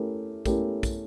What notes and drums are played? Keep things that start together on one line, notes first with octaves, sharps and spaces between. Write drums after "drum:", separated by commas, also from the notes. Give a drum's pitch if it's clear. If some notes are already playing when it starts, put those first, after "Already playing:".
Already playing: A3 C#4 E4 G4 A#4
A3 C#4 E4 G4 A#4, drum: kick, tambourine
drum: kick, tambourine